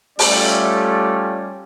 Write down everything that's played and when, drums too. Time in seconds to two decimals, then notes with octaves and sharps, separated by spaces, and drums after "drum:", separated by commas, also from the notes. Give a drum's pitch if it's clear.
0.19 G3 A3 C#4 F4 G4 D5, drum: open hi-hat